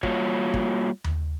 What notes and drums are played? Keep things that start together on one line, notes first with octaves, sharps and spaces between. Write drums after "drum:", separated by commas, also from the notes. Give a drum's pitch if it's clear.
G3 A#3 F4 F#4 C#5, drum: kick
drum: kick
drum: tom D#2